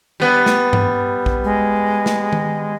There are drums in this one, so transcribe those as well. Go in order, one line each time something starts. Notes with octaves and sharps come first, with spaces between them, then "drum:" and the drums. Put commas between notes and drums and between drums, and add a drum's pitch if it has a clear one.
G3 B3
drum: snare
drum: tom G2
drum: kick
G#3
drum: snare
drum: tom D#3